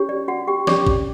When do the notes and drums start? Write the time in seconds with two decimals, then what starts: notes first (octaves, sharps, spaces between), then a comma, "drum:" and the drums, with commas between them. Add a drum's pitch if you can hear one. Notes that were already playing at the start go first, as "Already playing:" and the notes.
Already playing: C#4 G4 C#5
0.09 D5
0.28 F#4 F#5
0.47 G4 G5
0.67 C#4 G4 C#5 D5 D6, drum: snare
0.87 drum: kick A1